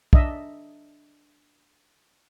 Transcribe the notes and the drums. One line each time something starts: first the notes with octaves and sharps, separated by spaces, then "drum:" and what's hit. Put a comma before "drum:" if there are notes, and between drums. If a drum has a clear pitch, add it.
D4 D#5 E5, drum: kick